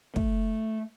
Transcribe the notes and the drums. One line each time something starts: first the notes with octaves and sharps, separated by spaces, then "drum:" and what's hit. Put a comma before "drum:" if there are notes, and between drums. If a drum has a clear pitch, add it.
A3, drum: kick